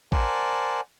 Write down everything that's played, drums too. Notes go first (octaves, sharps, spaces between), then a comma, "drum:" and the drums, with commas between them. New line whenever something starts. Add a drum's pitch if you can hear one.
A#4 C5 D5 F#5 G#5 A5, drum: kick A1